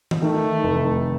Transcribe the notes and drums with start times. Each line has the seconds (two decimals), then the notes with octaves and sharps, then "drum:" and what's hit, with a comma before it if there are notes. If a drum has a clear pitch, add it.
0.11 drum: tom D#3
0.22 D#3 A3
0.63 F1